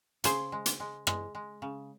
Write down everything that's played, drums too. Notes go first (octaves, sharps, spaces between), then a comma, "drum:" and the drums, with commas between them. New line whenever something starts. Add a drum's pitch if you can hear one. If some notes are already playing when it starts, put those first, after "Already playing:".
C#3 G#4 C5, drum: hi-hat
G#3
drum: hi-hat
G#3
G#3, drum: rim click
G#3
C#3